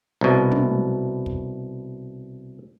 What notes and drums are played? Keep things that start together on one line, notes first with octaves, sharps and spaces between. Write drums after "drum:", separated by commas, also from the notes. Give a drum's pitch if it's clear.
C2 B2
drum: tom
drum: kick